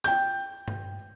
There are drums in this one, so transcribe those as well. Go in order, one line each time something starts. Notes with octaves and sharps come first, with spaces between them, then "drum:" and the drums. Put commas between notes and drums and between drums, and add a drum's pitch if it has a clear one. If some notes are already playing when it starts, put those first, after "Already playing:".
G5 G6, drum: hi-hat
drum: tom G2